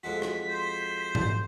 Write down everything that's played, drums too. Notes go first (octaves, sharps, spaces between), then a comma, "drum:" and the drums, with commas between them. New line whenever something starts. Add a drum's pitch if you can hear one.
F2 G#3 F#4 B6
drum: rim click
C5
drum: tom G#2